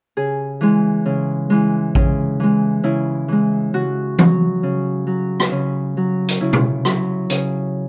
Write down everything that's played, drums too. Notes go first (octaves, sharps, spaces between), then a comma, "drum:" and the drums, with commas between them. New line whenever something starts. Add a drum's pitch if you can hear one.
C#3 G#4
E3 G#3
C#3
E3 G#3
C#3, drum: kick A1
E3 G#3
C#3 E4
E3 G#3
C#3 F#4
F#3, drum: tom E3
C#3
F#3
drum: rim click
C#3
F#3
drum: hi-hat
C#3 E4
drum: tom B2
F#3, drum: rim click
C#3, drum: hi-hat